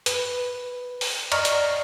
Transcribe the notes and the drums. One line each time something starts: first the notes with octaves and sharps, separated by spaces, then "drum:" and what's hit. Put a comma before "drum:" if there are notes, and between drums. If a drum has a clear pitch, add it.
B4, drum: hi-hat
drum: open hi-hat
D5 D#5 A#5 C#6 F6, drum: cymbal
drum: hi-hat